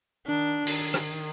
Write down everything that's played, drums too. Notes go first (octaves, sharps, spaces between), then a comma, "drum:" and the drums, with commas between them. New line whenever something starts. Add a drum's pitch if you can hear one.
D#3 D4
D#3, drum: open hi-hat
drum: rim click